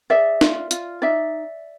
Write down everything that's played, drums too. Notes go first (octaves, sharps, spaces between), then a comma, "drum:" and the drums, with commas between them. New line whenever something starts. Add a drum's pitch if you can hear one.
G#4 D5 E5
F4, drum: snare
F4, drum: hi-hat
D#4 D5 E5